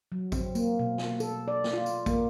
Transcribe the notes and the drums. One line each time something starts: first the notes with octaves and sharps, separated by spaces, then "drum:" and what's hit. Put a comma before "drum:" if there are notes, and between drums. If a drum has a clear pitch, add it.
F#3
C4, drum: kick A1, tambourine
A#3, drum: tambourine
B2
drum: snare
A4, drum: tambourine
D5
drum: snare
F4
drum: tambourine
A#3, drum: kick A1, tambourine